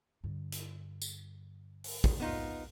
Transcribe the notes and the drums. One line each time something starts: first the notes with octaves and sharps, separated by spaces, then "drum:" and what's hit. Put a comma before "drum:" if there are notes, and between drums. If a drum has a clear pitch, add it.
G2 D3
drum: hi-hat
drum: tambourine
drum: open hi-hat
drum: kick
F2 G#2 B3 D#4 F4